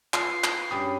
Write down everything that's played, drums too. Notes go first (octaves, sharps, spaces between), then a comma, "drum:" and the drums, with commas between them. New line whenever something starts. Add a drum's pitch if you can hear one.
F4 B4 E5 F#5 C7, drum: clap
drum: clap
G2 G3 C#4 G5 B5 D#6